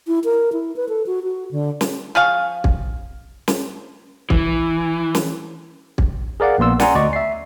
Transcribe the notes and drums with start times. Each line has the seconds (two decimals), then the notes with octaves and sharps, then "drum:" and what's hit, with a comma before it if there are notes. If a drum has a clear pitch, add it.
0.07 E4
0.24 A#4
0.53 E4
0.76 B4
0.89 A4
1.06 F#4
1.23 F#4
1.51 D3
1.81 drum: snare
2.15 F3 G#4 F5 C#6
2.64 drum: kick
3.48 drum: snare
4.30 E3, drum: kick
5.15 drum: snare
5.98 drum: kick
6.40 G#4 A#4 D5 F5 F#5
6.58 A#1 A#3 B3 C6 E6
6.80 D5 F#5 G#5 A#5 C6, drum: snare
6.95 D2 D5 D#5 C#6
7.13 E5 C7